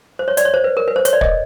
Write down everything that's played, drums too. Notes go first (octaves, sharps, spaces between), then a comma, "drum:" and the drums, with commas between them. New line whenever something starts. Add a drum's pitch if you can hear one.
C5
C#5
D5, drum: hi-hat
C#5
C5
B4
A#4
B4
C5
C#5, drum: hi-hat
D5
D#5, drum: kick